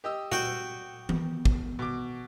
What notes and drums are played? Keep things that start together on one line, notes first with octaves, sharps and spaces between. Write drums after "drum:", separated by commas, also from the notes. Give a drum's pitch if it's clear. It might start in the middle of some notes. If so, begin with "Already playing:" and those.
G4 D#5 E6
F#4 G5, drum: tom A#2
D#3 B3, drum: tom E3
drum: kick
B2 D6